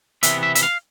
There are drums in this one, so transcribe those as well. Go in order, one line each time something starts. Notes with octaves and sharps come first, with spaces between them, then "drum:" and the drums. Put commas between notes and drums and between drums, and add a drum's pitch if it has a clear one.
C3 E3 B3 E5, drum: hi-hat
E5
E5, drum: hi-hat
F5